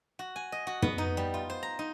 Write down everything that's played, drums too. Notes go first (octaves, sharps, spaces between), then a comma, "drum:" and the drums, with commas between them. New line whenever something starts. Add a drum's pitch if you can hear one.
F#4
G#5
D#5
F#4
B3, drum: tom
D#4
G3
F4
C5
A#5
D#4